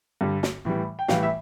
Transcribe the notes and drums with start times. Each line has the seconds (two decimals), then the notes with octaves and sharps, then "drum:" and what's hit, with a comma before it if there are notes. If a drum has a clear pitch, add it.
0.21 G2 D3 G3
0.43 drum: snare
0.65 A2 E3 G3
0.99 G5
1.08 A2 E3 G3 F5, drum: snare
1.23 E5